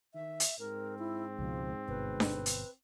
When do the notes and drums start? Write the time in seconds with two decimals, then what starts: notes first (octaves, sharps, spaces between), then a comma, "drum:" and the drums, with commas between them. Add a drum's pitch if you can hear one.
0.14 D#3 E5
0.40 drum: hi-hat
0.59 G#2 C4 A#4
0.99 E4
1.39 C#2 B2 F3
1.88 G1 B2 B4
2.20 drum: snare D4
2.46 drum: hi-hat